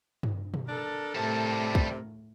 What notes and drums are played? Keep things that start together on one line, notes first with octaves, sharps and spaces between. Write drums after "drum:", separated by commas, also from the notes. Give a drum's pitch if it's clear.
drum: tom G2
drum: tom B2
D4 A4 A#4
A2 C3 G3 A5
drum: kick